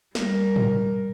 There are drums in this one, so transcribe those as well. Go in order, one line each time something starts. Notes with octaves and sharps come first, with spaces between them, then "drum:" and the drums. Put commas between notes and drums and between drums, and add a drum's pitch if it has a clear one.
G3 A#4, drum: snare
drum: tom